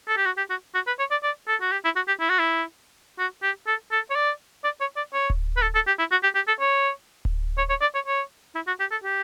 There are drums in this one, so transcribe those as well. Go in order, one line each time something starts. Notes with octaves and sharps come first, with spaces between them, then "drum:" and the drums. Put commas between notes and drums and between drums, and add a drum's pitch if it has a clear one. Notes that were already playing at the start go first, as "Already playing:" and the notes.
A4
G4
F#4
G4
F#4
F#4
B4
C#5
D5
D5
A4
F#4
G4
E4
F#4
G4
E4
F#4
E4
F#4
G4
A4
A4
C#5
D5
D5
C#5
D5
C#5
drum: kick D1
B4
A4
A4
G4
E4
F#4
G4
G4
A4
C#5
drum: kick D1
C#5
C#5
D5
C#5
C#5
E4
F#4
G4
A4
G4